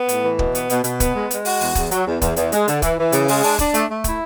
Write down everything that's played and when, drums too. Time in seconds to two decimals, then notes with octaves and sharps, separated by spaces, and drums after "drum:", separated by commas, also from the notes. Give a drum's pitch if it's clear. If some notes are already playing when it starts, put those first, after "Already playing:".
Already playing: B3
0.09 A2, drum: hi-hat
0.23 E3
0.39 B2, drum: kick
0.55 B3, drum: hi-hat
0.70 B2, drum: hi-hat
0.84 B2, drum: hi-hat
1.00 B3, drum: kick, hi-hat
1.15 G#3
1.31 G#3, drum: hi-hat
1.45 F#4, drum: open hi-hat
1.61 E2, drum: open hi-hat
1.75 E2, drum: kick, hi-hat
1.91 F#3, drum: hi-hat
2.07 E2
2.22 E2, drum: kick, hi-hat
2.36 E2, drum: hi-hat
2.52 G#3, drum: hi-hat
2.68 D3, drum: hi-hat
2.82 E3, drum: kick, hi-hat
2.97 E3
3.12 C#3, drum: hi-hat
3.28 G#3, drum: open hi-hat
3.43 D4, drum: open hi-hat
3.59 D4, drum: kick, hi-hat
3.74 A3, drum: hi-hat
3.90 A3
4.04 E4, drum: kick, hi-hat